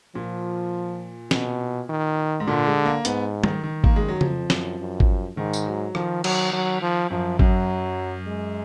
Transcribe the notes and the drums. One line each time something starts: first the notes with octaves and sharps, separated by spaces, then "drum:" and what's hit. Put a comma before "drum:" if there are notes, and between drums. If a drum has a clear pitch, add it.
A#2 F3
B2, drum: snare
D#3
G#2
A#2 D3
G#3
A#3
G#2 B3, drum: hi-hat
D#3, drum: tom G3
D#3
A#3, drum: kick
F#2 G#3
F#3
F2 F3, drum: tom C#3
F#2, drum: snare
F#2
drum: kick
G#2 D#3
drum: tambourine
F#3
D#3 F3, drum: rim click
F#3, drum: cymbal
F#3
F3
F#2 F3
F#2 F#3, drum: kick
G#3